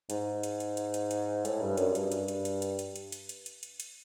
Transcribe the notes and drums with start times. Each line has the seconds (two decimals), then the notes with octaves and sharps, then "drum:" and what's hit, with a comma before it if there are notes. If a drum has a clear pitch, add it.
0.10 G#2, drum: hi-hat
0.43 drum: hi-hat
0.60 drum: hi-hat
0.77 drum: hi-hat
0.94 drum: hi-hat
1.11 drum: hi-hat
1.45 A2, drum: hi-hat
1.61 G2
1.77 F#2, drum: hi-hat
1.95 G2, drum: hi-hat
2.12 drum: hi-hat
2.28 drum: hi-hat
2.45 drum: hi-hat
2.62 drum: hi-hat
2.79 drum: hi-hat
2.96 drum: hi-hat
3.12 drum: hi-hat
3.29 drum: hi-hat
3.46 drum: hi-hat
3.63 drum: hi-hat
3.80 drum: hi-hat